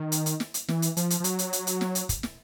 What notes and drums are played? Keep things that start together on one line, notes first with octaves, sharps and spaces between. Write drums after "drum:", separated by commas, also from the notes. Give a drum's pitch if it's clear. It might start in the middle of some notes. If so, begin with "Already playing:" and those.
Already playing: D#3
drum: hi-hat
drum: hi-hat
drum: snare
drum: hi-hat
E3, drum: snare
drum: hi-hat
F3, drum: hi-hat
drum: hi-hat
F3
F#3, drum: hi-hat
drum: hi-hat
drum: hi-hat
drum: hi-hat
drum: snare
drum: hi-hat
drum: kick, hi-hat
drum: snare